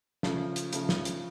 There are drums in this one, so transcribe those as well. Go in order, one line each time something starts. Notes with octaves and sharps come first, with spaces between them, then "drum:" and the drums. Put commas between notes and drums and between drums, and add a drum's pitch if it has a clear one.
C#3 F3 A3, drum: snare
drum: hi-hat
C#3 F3 A3, drum: hi-hat
drum: snare
drum: hi-hat